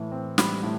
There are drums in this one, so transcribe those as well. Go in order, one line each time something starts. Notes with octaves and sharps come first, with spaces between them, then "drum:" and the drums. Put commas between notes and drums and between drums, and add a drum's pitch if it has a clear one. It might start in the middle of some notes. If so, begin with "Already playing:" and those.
Already playing: A2 E3
C4
G3 B5, drum: snare
A2